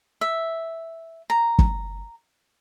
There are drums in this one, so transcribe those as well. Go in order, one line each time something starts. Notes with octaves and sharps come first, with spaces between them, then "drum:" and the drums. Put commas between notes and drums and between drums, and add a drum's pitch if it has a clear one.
E5
A#5
drum: kick